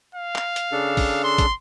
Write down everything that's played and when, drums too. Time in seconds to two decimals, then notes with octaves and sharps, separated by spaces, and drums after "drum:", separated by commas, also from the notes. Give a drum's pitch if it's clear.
0.15 F5
0.36 drum: clap
0.56 drum: hi-hat
0.72 C#3 D4 A4
0.97 drum: kick, open hi-hat
1.24 C6
1.38 drum: kick, hi-hat